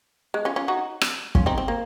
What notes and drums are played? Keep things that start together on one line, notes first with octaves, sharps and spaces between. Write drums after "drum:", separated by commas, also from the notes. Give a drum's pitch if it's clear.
G#3
C#4 F4
C#4 F4
D#4 F#4
drum: rim click
C#4 F4, drum: kick
C4 D#4
C4
A#3